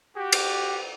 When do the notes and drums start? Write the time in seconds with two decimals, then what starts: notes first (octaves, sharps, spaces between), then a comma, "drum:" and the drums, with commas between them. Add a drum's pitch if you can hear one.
0.15 F#4 G4
0.32 drum: cymbal